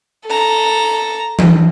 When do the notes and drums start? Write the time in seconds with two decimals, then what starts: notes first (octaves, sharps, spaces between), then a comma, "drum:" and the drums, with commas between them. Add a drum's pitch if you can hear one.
0.27 A4 A#5
1.39 drum: tom E3